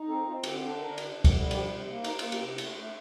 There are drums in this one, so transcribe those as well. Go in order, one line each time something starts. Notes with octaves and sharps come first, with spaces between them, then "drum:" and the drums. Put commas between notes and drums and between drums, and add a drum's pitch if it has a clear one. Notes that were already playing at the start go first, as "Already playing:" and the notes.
Already playing: D#4
C4 A4
C4 F4
D3 F4, drum: cymbal
D4 A4
D4 A#4
D3, drum: cymbal
D3
drum: kick C#2, cymbal
G3
F3 G4, drum: cymbal
C3
A#3
D#4, drum: cymbal
F4, drum: cymbal
A#3
G4, drum: cymbal
C3
A3, drum: cymbal
A3